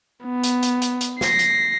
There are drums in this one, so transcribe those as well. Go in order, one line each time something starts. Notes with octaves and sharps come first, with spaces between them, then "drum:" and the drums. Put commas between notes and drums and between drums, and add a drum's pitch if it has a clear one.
B3
drum: hi-hat
drum: hi-hat
drum: hi-hat
drum: hi-hat
A#6 C7, drum: snare
drum: hi-hat